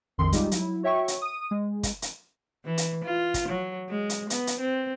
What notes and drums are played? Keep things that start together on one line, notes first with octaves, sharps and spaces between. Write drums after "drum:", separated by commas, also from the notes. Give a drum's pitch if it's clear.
A#1 F2 D#3 C6
G3 G#3 D#4 F4 G4, drum: kick, hi-hat
F#3 E4, drum: hi-hat
F#4 C#5 E5 G5 C#6
drum: hi-hat
D#6 D#7
G#3
drum: kick, hi-hat
drum: hi-hat
E3
drum: hi-hat
F4
drum: kick, hi-hat
F#3
G#3
drum: hi-hat
B3, drum: hi-hat
drum: hi-hat
C4